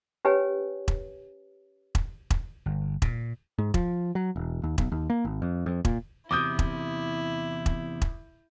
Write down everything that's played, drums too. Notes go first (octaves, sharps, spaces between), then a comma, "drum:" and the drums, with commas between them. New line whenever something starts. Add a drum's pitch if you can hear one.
C#4 G4 B4 C#5 G#5
drum: kick E1
drum: kick E1
drum: kick E1
G1
A#2, drum: kick E1
G#2
F3, drum: kick E1
F#3
E1
D#2
B1, drum: kick E1
D#2
A#3
G#1
F2
F2
A#2, drum: kick E1
E2 C3 E4 D6 D#6 G6
drum: kick E1
drum: kick E1
drum: kick E1